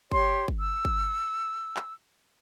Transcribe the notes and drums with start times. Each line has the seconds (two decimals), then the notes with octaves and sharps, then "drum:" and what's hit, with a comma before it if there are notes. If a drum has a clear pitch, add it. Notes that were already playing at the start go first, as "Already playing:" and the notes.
0.11 G4 C#5 C6, drum: kick G1
0.48 drum: kick G1
0.59 E6
0.85 drum: kick G1
1.77 drum: clap